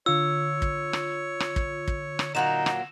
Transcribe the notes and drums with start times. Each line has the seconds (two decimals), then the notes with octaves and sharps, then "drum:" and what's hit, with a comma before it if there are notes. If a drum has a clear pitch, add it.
0.06 D3 F4 C#5 E6
0.62 drum: kick
0.93 drum: rim click
1.40 drum: rim click
1.56 drum: kick
1.88 drum: kick
2.19 drum: rim click
2.35 A#2 F#3 A#3 D#4 E7
2.66 drum: rim click